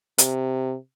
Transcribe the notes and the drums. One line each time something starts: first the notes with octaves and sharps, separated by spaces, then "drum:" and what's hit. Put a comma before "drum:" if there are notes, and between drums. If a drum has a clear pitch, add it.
C3, drum: hi-hat